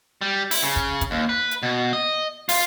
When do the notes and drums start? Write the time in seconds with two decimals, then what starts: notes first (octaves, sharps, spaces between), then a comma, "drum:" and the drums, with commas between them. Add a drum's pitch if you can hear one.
0.21 G3
0.51 E4, drum: open hi-hat
0.62 C#3
0.76 drum: kick
1.01 drum: kick, hi-hat
1.11 D#2
1.29 B4
1.51 drum: hi-hat
1.63 B2
1.93 D#5
2.49 F4, drum: open hi-hat